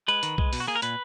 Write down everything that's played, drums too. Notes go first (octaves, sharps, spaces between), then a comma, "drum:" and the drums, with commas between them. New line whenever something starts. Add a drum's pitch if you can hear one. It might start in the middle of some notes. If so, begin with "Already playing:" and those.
G#3 B4
D#3, drum: hi-hat
G#3, drum: kick B1
B2, drum: open hi-hat
F#4
A#3 G#4
A#4
A#2 B4, drum: hi-hat